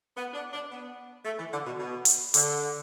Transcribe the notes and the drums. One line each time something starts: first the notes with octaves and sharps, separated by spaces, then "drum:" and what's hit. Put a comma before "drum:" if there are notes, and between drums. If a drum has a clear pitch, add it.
B3
D4
D4
B3
A3
E3
D3
B2
B2
drum: hi-hat
D3, drum: hi-hat